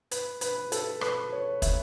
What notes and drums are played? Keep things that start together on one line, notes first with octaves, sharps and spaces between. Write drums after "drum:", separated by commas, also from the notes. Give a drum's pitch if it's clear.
B4, drum: hi-hat
B4, drum: hi-hat
A4, drum: hi-hat
B4, drum: rim click
C#5
E5, drum: kick, hi-hat